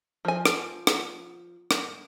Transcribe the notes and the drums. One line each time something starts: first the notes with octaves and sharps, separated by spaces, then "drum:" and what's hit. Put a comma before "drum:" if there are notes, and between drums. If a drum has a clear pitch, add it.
F3 G#5
drum: rim click
drum: rim click
drum: rim click